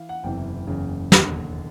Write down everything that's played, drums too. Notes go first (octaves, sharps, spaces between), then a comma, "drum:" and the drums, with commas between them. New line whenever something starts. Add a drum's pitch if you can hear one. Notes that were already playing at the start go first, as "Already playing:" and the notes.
Already playing: E3 F5
F#5
F#1 E2 C3 E3 G5
F#1 E2 C#3 E3
E1 D#2 D3, drum: snare